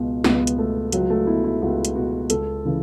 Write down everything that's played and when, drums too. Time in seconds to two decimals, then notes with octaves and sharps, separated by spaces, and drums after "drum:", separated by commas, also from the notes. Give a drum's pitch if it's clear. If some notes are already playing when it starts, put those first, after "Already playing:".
Already playing: C#2 B2 F#4
0.24 C#2 B3, drum: snare
0.47 drum: hi-hat
0.58 B2 A3
0.92 C#2 F#3, drum: hi-hat
1.10 A3
1.27 B2 E4
1.44 E4
1.61 C#2 F#4
1.85 drum: hi-hat
1.96 B2 F#4
2.30 C#2 A4, drum: hi-hat
2.65 C#3 E3